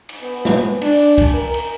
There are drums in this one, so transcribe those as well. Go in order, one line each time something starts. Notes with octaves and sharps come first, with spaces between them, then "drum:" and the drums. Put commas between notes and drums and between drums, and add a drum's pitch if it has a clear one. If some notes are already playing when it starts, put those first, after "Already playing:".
drum: cymbal
B3
drum: snare
D4, drum: cymbal
drum: kick, cymbal
A#4
drum: cymbal